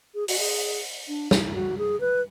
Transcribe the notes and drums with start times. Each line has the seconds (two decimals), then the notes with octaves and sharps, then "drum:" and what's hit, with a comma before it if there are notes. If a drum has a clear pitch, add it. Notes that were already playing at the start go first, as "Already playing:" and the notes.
0.15 G#4
0.28 F#4, drum: open hi-hat
0.39 G#4
1.08 D4
1.31 E4, drum: snare
1.46 E4
1.54 F#4
1.78 G#4
2.00 B4